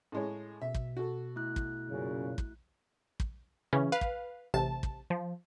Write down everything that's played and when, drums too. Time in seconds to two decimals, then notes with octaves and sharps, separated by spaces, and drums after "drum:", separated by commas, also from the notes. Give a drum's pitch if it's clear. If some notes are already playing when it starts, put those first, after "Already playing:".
0.12 A2 G#3 C#5
0.62 B2 E5
0.74 drum: kick
0.97 F#4 A4
1.36 A3 E4 F#6
1.56 drum: kick
1.89 F#2 A#2 C#3
2.38 drum: kick
3.20 drum: kick
3.73 C#3 E3 C#4
3.92 B4 F5
4.01 drum: kick
4.54 A1 C3 A5
4.83 drum: kick
5.10 F3